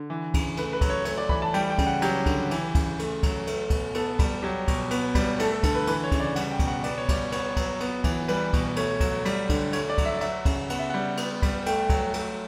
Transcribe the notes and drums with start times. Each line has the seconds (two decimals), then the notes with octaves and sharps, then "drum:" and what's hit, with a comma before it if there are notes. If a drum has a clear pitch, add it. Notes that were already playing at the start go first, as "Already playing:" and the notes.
Already playing: D3
0.10 E3
0.34 C#3, drum: kick, cymbal
0.57 A3 B4, drum: cymbal
0.73 B4
0.81 F#3, drum: kick, cymbal
0.90 C#5
1.05 A3 C#5, drum: cymbal
1.18 D5
1.29 E3 B5, drum: kick
1.42 A5
1.54 G3 G5, drum: cymbal
1.70 G5
1.78 C#3, drum: kick, cymbal
1.87 F#5
2.02 F#3 G4, drum: cymbal
2.26 D3, drum: kick, cymbal
2.51 E3, drum: cymbal
2.75 C#3, drum: kick, cymbal
2.99 A3, drum: cymbal
3.23 F#3, drum: kick, cymbal
3.47 A3, drum: cymbal
3.70 B2, drum: kick, cymbal
3.94 B3 A4, drum: cymbal
4.19 G3, drum: kick, cymbal
4.43 F#3 G4
4.68 B2, drum: kick, cymbal
4.91 B3, drum: cymbal
5.15 G3, drum: kick, cymbal
5.39 A3 A4, drum: cymbal
5.52 A4
5.63 D3 A4, drum: kick, cymbal
5.75 B4
5.87 E3 B4, drum: cymbal
6.04 C#5
6.12 C#3, drum: kick, cymbal
6.20 D5
6.36 G3 F#5, drum: cymbal
6.52 G5
6.59 B2, drum: kick, cymbal
6.68 F#5
6.84 B3 D5, drum: cymbal
6.98 C#5
7.09 G3 D5, drum: kick, cymbal
7.32 B3 C#5, drum: cymbal
7.57 F#3, drum: kick, cymbal
7.80 B3, drum: cymbal
8.04 E3, drum: kick, cymbal
8.28 G3 B4, drum: cymbal
8.53 B2, drum: kick, cymbal
8.76 A3 C#5, drum: cymbal
9.00 F#3, drum: kick, cymbal
9.25 G3, drum: cymbal
9.49 D3, drum: kick, cymbal
9.73 A3 C#5, drum: cymbal
9.90 D5
9.98 F#3, drum: kick, cymbal
10.05 E5
10.17 D5
10.21 F#3 E5, drum: cymbal
10.45 C#3, drum: kick, cymbal
10.70 B3 F#5, drum: cymbal
10.79 E5
10.90 G3 F#5
11.17 B3, drum: cymbal
11.42 G3, drum: kick, cymbal
11.66 A3 G5, drum: cymbal
11.89 F#3, drum: kick, cymbal
12.14 A3, drum: cymbal